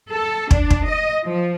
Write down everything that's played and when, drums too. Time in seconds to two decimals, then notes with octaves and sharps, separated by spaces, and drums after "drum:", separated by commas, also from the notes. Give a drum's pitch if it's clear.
0.10 A4
0.51 D4, drum: kick
0.70 drum: kick
0.87 D#5
1.25 F3